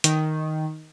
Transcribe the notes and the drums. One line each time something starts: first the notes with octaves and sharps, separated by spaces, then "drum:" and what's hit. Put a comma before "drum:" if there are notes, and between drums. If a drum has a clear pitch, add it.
D#3, drum: hi-hat